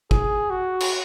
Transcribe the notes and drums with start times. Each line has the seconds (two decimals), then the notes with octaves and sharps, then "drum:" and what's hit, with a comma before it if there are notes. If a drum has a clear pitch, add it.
0.11 G#4, drum: kick
0.51 F#4
0.81 drum: cymbal